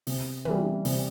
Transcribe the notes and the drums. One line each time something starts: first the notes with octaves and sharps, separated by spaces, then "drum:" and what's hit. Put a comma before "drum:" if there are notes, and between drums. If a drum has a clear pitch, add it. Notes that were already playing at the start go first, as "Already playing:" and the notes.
C3, drum: open hi-hat
E3 G3, drum: tom
C3, drum: open hi-hat